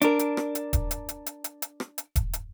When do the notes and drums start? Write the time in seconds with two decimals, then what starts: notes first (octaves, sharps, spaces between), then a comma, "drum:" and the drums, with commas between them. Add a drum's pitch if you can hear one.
0.02 D4 A#4, drum: hi-hat
0.19 drum: hi-hat
0.37 drum: rim click
0.55 drum: hi-hat
0.73 drum: kick D#1, hi-hat
0.91 drum: hi-hat
1.09 drum: hi-hat
1.26 drum: hi-hat
1.44 drum: hi-hat
1.62 drum: hi-hat
1.80 drum: rim click
1.98 drum: hi-hat
2.16 drum: kick D#1, hi-hat
2.33 drum: hi-hat